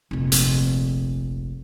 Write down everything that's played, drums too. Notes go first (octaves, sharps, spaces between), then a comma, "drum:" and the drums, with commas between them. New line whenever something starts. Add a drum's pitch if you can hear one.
F1 A#1
drum: hi-hat